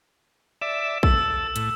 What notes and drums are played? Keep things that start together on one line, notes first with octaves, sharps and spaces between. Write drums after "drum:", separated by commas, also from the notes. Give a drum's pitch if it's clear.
D5 E5 E7
A4 E6, drum: kick A#1
A2, drum: hi-hat